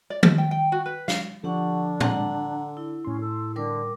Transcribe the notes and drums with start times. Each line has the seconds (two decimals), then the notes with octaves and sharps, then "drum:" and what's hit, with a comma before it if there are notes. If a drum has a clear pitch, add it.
0.10 D5
0.23 C5, drum: tom
0.38 G5
0.51 G5
0.72 F#4
0.86 B4
1.08 F5, drum: snare
1.44 D3 F3 D4 G4 F#5 C#6
2.00 A4 F#5 A#5, drum: tom A2
2.77 E4
3.05 A2 C#4 C6
3.20 A4
3.56 D3 G3 A#4 D6